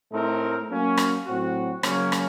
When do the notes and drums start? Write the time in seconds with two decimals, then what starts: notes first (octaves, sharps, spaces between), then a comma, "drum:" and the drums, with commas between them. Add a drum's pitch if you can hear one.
0.12 A2 A3 C4 D#4 A#4
0.69 F#3 A#3 C#4
0.97 drum: rim click
1.26 A2 F#3 C4 F#4
1.83 C#3 F#3 A#3 C#4, drum: rim click
2.12 drum: rim click